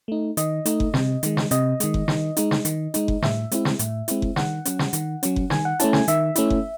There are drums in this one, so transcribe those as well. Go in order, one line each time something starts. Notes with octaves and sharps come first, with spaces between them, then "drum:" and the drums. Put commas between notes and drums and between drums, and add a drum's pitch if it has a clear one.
A3 D#4
D#3 D#5, drum: hi-hat
A3 D#4, drum: hi-hat
drum: kick F#1
C3, drum: snare
D#3 G#3, drum: hi-hat
drum: snare
C3 D#5, drum: hi-hat
D#3 G#3, drum: hi-hat
drum: kick F#1
D#3, drum: snare
G#3 D#4, drum: hi-hat
drum: snare
D#3, drum: hi-hat
G#3 D#4, drum: hi-hat
drum: kick F#1
A2 E5, drum: snare
G#3 C4 E4, drum: hi-hat
drum: snare
A2, drum: hi-hat
G#3 C4 E4, drum: hi-hat
drum: kick F#1
D#3 F#5, drum: snare
F#3 C#4, drum: hi-hat
drum: snare
D#3, drum: hi-hat
F#3 C#4, drum: hi-hat
drum: kick F#1
D#3 G#5, drum: snare
F#5
A3 C#4 E4 A5, drum: hi-hat
G#5, drum: snare
D#3 E5, drum: hi-hat
A3 C#4 E4, drum: hi-hat
drum: kick F#1